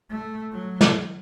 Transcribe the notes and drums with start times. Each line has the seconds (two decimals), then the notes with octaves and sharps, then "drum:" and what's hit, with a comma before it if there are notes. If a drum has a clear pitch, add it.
0.11 A3
0.52 F#3
0.81 drum: snare